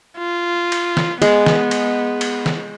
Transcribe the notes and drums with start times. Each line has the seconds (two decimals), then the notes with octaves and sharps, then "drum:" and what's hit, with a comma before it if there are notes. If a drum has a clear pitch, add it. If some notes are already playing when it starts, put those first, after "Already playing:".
0.18 F4
0.72 drum: cymbal
0.97 drum: snare
1.22 G#3 B3, drum: cymbal
1.46 drum: snare
1.71 drum: cymbal
2.21 drum: cymbal
2.46 drum: snare